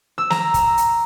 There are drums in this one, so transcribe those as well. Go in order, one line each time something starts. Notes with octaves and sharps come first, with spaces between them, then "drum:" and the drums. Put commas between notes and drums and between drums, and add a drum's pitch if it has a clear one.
E6
A#5, drum: snare
drum: kick, hi-hat
drum: hi-hat